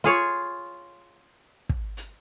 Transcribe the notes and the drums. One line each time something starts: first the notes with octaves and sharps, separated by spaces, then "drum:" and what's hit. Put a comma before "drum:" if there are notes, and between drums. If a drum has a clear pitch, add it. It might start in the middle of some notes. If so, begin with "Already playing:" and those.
F4 G#4 C#5
drum: kick
drum: hi-hat